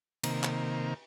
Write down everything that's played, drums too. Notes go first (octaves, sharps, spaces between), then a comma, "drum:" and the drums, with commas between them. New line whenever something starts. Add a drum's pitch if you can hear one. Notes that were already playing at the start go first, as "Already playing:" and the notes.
C3 D#3 A#3, drum: cymbal
drum: clap